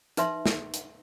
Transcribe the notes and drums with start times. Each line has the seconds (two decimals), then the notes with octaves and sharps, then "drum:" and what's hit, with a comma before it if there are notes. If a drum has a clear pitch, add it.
0.17 D#4 B4 E5 C6, drum: hi-hat
0.46 drum: snare
0.74 drum: hi-hat